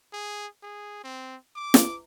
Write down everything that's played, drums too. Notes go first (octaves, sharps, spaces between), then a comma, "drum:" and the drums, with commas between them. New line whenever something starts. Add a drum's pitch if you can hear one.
G#4
G#4
C4
D6
drum: snare